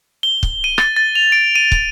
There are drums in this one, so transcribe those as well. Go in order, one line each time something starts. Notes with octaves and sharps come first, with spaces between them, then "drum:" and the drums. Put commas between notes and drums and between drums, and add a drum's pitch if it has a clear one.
G7
drum: kick
D#7
A6, drum: rim click
A6
F7
D7
D#7
drum: kick